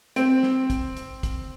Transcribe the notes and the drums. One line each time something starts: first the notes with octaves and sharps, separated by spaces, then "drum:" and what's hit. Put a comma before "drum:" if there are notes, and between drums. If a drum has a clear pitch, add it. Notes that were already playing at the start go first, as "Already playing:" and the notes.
C4, drum: hi-hat
drum: snare
drum: kick, hi-hat
drum: hi-hat
drum: kick, hi-hat